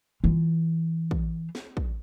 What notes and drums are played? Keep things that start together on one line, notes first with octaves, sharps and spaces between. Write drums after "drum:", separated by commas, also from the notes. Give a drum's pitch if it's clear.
E3 F4
drum: kick
drum: snare
drum: kick